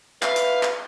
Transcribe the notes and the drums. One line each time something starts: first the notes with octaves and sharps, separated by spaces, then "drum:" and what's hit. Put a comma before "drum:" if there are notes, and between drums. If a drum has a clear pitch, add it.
B4 E5 F5, drum: clap
drum: hi-hat
drum: clap